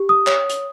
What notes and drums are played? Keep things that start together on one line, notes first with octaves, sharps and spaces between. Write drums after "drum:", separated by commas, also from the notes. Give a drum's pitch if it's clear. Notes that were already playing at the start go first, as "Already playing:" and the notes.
Already playing: G4
D#6
C#5, drum: clap
drum: hi-hat